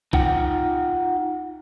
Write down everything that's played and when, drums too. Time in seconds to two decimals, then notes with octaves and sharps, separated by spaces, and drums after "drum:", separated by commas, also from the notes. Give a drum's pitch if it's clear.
0.13 D#4 F4 F#5 G5, drum: kick B1